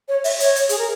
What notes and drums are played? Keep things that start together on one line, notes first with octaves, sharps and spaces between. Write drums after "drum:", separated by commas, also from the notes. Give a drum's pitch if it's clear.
C#5
E5, drum: open hi-hat
C#5, drum: hi-hat
drum: hi-hat
G#4, drum: hi-hat
A#4